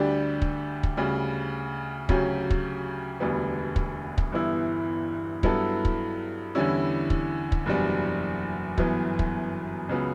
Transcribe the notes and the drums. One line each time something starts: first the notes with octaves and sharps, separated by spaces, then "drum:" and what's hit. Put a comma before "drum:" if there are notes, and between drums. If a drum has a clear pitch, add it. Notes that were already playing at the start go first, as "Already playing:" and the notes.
Already playing: D2 D3 G3 D4 G4
drum: kick
drum: kick
D2 C#3 G3
D2 C#3 F#3 C#4 G4, drum: kick
drum: kick
E1 D2 D3 G3 B3
drum: kick
drum: kick
G1 G2 E3 B3 E4
G2 F#3 B3 E4 A4, drum: kick
drum: kick
E2 D3 G3 C#4 E4
drum: kick
drum: kick
F#1 E2 B2 G3 D4
G1 F#2 E3 B3, drum: kick
drum: kick
C#2 C#3 F#3 B3